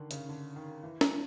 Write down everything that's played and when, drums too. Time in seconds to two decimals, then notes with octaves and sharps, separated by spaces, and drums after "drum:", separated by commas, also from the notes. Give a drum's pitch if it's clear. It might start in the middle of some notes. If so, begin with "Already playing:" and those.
Already playing: D3 D#3
0.11 C#3, drum: hi-hat
0.29 D3
0.56 D#3
0.83 E3
1.01 F3, drum: snare